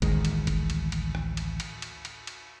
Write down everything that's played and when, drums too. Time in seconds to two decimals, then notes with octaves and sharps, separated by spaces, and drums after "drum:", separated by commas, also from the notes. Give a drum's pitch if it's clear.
0.02 A1 D2 D#3 G#3, drum: kick, cymbal
0.25 drum: cymbal
0.47 drum: kick, cymbal
0.70 drum: cymbal
0.92 drum: cymbal
1.15 drum: rim click
1.37 drum: cymbal
1.60 drum: cymbal
1.82 drum: cymbal
2.05 drum: cymbal
2.27 drum: cymbal